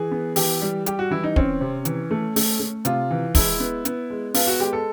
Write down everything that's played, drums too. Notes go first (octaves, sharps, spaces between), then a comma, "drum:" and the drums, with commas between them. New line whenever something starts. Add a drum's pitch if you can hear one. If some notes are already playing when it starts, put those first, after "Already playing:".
Already playing: E3 G#4
B3
E3 G4, drum: open hi-hat
G3
G3 G4, drum: hi-hat
F#4
E3 E4
D#4
C4 C#4, drum: kick
C3
E3, drum: hi-hat
A3
A3, drum: open hi-hat
A3
C3 F4, drum: hi-hat
E3
G#3 E4, drum: kick, open hi-hat
B3
B3, drum: hi-hat
G#3
B3 F4, drum: open hi-hat
F#4
G#3 G4
A4